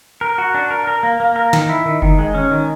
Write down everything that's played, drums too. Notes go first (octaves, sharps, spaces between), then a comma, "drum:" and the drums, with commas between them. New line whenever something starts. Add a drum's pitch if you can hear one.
A#4
F#4
D4
A#4
A#4
A#3
A#3
A#4
D#3, drum: snare
E4
D#3
D#3, drum: kick F1
G#3
C#4
D#3